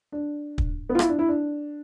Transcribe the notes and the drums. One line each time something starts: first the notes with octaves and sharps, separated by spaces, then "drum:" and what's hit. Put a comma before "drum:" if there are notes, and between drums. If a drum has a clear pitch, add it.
D4
drum: kick
B3
F4
E4, drum: rim click
D4
E4
D4